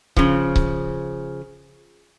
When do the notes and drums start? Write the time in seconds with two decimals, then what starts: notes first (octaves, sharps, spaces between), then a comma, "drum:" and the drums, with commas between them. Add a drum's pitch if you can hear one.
0.17 C#3 F3, drum: kick C#1
0.56 drum: kick C#1